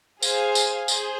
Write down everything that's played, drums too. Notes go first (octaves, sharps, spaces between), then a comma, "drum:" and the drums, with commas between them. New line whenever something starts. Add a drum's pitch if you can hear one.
G#4 C5 F5 G#5, drum: tambourine
drum: tambourine
G#4 C5, drum: tambourine